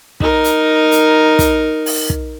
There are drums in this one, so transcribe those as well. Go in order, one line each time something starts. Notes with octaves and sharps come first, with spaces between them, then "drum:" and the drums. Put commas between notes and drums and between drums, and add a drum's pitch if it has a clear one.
D#4 A#4, drum: kick
drum: hi-hat
drum: hi-hat
drum: kick, hi-hat
drum: open hi-hat
drum: kick